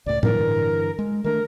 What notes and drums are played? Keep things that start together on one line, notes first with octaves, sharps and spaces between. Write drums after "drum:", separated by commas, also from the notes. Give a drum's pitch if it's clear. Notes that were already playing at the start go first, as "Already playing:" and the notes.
C#2 A2 D5
G2 D3 E3 A#4, drum: tom A2
G#3
D#3 A3 D4 A#4